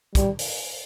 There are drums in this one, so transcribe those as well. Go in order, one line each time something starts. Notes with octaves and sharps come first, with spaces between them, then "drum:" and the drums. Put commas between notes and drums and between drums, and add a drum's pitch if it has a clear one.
G3, drum: kick, hi-hat
drum: open hi-hat